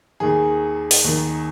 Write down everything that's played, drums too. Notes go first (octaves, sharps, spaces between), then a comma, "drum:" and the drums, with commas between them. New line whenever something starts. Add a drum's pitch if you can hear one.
D#2 D#3 G#4
drum: open hi-hat
D#2 D#3